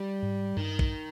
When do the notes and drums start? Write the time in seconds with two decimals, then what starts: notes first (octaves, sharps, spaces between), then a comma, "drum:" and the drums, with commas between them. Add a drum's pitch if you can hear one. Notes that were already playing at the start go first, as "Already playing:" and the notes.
Already playing: G3
0.22 G#2
0.57 G2 D#3
0.79 drum: kick